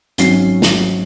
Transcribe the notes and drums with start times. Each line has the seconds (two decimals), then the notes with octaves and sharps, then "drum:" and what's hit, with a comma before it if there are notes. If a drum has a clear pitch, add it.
0.18 G#1 F#3 C#4 C7, drum: hi-hat
0.62 drum: snare